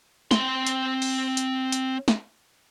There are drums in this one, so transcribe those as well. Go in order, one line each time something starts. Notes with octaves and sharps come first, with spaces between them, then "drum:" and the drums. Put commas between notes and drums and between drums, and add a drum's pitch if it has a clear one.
C4 C6, drum: snare
drum: hi-hat
drum: open hi-hat
drum: hi-hat
drum: hi-hat
drum: snare